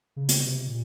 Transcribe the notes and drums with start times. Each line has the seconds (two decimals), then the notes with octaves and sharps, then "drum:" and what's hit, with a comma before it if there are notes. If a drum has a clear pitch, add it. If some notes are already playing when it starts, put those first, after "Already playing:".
0.16 C#3
0.29 drum: hi-hat
0.42 C3
0.68 A#2